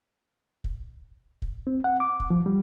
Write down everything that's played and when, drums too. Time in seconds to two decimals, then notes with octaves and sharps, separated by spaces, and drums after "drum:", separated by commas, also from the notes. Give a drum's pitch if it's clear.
0.64 drum: kick
1.42 drum: kick
1.67 C4
1.84 F#5
2.00 D6
2.20 drum: kick
2.30 F3
2.46 G3